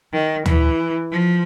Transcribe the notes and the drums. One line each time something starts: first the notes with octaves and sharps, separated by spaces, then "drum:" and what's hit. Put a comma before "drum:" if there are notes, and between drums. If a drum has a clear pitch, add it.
D#3
E3, drum: tom
F3